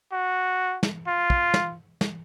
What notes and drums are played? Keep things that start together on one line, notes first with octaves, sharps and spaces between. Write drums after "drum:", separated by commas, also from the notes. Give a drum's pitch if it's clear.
F#4
drum: snare
F4
drum: kick
drum: snare
drum: snare